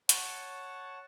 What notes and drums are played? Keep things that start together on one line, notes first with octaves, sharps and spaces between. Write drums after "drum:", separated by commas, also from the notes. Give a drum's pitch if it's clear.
C#5 F#5 A5 C#6, drum: hi-hat